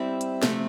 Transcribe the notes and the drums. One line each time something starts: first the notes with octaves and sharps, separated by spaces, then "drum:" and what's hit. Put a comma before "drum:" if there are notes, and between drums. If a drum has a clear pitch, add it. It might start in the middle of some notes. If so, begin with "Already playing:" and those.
Already playing: G3 C4 E4
drum: hi-hat
C3 F3 A3 C4, drum: snare